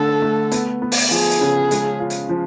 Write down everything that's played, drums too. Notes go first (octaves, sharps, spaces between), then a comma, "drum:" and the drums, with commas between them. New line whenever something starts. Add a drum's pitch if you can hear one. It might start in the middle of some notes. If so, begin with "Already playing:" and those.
Already playing: D3 A3 A4
A3
B3, drum: hi-hat
B3
drum: open hi-hat
F3 G#4
drum: hi-hat
C#3
G#3, drum: hi-hat
F4
drum: hi-hat
F3